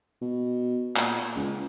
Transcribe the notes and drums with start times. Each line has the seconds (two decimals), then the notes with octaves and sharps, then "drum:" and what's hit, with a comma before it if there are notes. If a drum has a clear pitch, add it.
0.22 B2
0.96 A#2, drum: clap
1.35 C#2